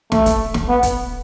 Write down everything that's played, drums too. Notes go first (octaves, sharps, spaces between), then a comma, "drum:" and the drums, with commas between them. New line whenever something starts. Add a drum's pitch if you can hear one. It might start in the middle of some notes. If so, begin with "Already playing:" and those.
A3, drum: snare
drum: kick, hi-hat
drum: snare
B3
drum: kick, hi-hat